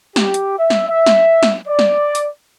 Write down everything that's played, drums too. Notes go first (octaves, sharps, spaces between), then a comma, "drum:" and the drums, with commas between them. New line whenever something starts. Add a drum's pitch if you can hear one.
G4, drum: snare
drum: hi-hat
E5
drum: snare
E5
drum: snare
drum: snare
D5
drum: snare
drum: hi-hat